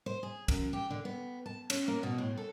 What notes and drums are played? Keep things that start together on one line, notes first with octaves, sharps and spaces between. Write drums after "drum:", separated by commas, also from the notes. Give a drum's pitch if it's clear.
C5
G#4
F#2, drum: kick C2, cymbal
G4
D3
B3
A5
C#4, drum: cymbal
A#3
B2
A2
A4